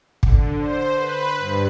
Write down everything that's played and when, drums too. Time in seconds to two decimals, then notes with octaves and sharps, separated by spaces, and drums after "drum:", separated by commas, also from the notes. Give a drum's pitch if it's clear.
0.23 D3, drum: kick
0.57 C5
0.94 B4
1.38 G2